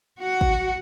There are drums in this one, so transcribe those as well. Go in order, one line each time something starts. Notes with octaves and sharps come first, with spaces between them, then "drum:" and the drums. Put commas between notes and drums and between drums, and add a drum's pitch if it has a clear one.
F#4 F#5
drum: kick